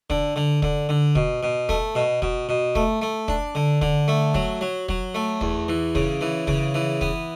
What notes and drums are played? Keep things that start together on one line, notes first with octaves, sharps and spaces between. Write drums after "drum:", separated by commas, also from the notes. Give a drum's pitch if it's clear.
D3, drum: kick
D3
D3, drum: kick
D3
B2, drum: kick
B2
A3, drum: kick
B2
B2, drum: kick
B2
A3, drum: kick
A3
D4, drum: kick
D3
D3, drum: kick
A3
F#3, drum: kick
F#3
F#3, drum: kick
A3
E2, drum: kick
E3
C#3, drum: kick
E3
C#3, drum: kick
E3
B3, drum: kick